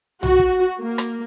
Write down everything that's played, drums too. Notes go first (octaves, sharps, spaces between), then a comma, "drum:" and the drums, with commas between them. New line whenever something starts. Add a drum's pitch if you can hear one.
F#4, drum: tom B1
drum: kick
A#3
drum: rim click